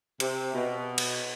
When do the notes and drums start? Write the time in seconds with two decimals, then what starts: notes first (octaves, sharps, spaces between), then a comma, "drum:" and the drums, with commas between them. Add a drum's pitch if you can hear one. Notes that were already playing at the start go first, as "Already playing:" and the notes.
0.20 C3, drum: hi-hat
0.54 B2
0.98 drum: cymbal